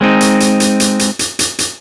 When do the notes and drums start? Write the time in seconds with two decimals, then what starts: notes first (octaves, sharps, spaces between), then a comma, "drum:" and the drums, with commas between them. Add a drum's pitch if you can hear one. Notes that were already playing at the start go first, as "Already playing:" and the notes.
0.01 G#3 C4 C#4 D#4
0.21 drum: hi-hat
0.40 drum: hi-hat
0.60 drum: hi-hat
0.80 drum: hi-hat
0.99 drum: hi-hat
1.19 drum: hi-hat
1.39 drum: hi-hat
1.59 drum: hi-hat